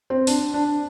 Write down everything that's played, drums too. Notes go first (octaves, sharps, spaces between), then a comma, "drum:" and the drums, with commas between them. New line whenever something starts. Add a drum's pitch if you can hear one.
C4
D4, drum: open hi-hat
D4